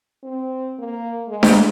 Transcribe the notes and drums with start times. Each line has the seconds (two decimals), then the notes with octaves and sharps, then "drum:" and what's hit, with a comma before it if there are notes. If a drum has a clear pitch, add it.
0.24 C4
0.79 A#3
1.28 G#3
1.43 drum: snare D4